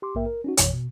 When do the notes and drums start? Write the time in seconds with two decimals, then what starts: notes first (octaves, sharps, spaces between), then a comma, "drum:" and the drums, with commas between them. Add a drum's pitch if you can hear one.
0.02 G4 C6 D6
0.15 A#1 G#2 A#3 A#4 E5 G5
0.26 A#4
0.44 C#4 D#4 F#4
0.57 A1 F2 B2 E3 C#5, drum: hi-hat
0.73 B2